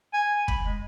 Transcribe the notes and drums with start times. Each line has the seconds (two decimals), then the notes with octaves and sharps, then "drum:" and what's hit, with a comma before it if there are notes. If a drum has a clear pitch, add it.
0.13 G#5
0.48 B5, drum: kick
0.65 G#3